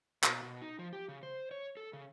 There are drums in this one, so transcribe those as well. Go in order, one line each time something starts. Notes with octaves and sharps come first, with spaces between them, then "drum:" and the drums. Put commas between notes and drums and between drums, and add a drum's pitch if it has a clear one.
B2, drum: clap
B2
D#4
F3
G4
C#3
C5
C#5
A4
C#3